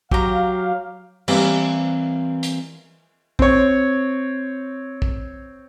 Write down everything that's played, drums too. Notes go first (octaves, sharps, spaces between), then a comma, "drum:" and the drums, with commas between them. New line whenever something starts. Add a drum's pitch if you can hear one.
F#3 G4 F5 A#5, drum: kick
E3 G3 A#3 C4, drum: cymbal
drum: hi-hat
C4 C#5, drum: kick
drum: kick